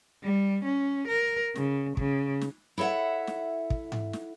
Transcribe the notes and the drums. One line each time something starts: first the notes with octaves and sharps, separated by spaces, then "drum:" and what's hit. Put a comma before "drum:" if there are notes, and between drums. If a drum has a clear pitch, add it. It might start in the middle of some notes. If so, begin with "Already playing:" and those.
G3
C#4
A#4
C#3, drum: snare
C#3, drum: kick
drum: snare
E4 A4 C#5 E5 F#5
drum: snare
drum: kick
drum: tom G#2
drum: snare